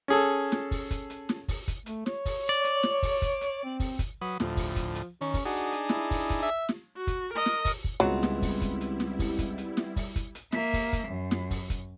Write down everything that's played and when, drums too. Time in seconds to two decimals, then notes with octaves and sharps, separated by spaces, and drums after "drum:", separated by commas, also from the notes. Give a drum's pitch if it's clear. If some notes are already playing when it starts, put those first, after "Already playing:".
0.08 C#4 G#4 A4
0.52 drum: snare
0.71 drum: kick, open hi-hat
0.91 drum: kick, hi-hat
1.10 drum: hi-hat
1.29 drum: snare
1.48 drum: kick, open hi-hat
1.68 drum: kick, hi-hat
1.86 A3, drum: hi-hat
2.06 C#5, drum: snare
2.25 drum: kick, open hi-hat
2.49 D5
2.64 drum: hi-hat
2.83 drum: snare
3.03 drum: kick, open hi-hat
3.22 drum: kick, hi-hat
3.41 drum: hi-hat
3.65 C4
3.80 drum: kick, open hi-hat
3.99 drum: kick, hi-hat
4.21 F#3 B4 D#6
4.40 D2 A2 F3, drum: snare
4.57 drum: kick, open hi-hat
4.76 drum: kick, hi-hat
4.95 drum: hi-hat
5.21 D#3 C#4
5.34 drum: kick, open hi-hat
5.45 D4 D#4 F#4 G#4
5.72 drum: hi-hat
5.89 E4, drum: snare
6.11 drum: kick, open hi-hat
6.30 drum: kick, hi-hat
6.42 E5
6.69 drum: snare
6.97 F#4
7.07 drum: kick, hi-hat
7.34 A#4 D#5
7.46 drum: snare
7.65 drum: kick, open hi-hat
7.84 drum: kick
8.00 C#2 F#3 G3 B3 C4 E4
8.23 drum: snare
8.42 drum: kick, open hi-hat
8.61 drum: kick, hi-hat
8.81 drum: hi-hat
9.00 drum: snare
9.19 drum: kick, open hi-hat
9.39 drum: kick, hi-hat
9.58 drum: hi-hat
9.77 drum: snare
9.96 drum: kick, open hi-hat
10.16 drum: kick, hi-hat
10.35 drum: hi-hat
10.52 A#3 E5, drum: snare
10.73 drum: kick, open hi-hat
10.93 drum: kick, hi-hat
11.08 F#2
11.31 drum: snare
11.51 drum: kick, open hi-hat
11.70 drum: kick, hi-hat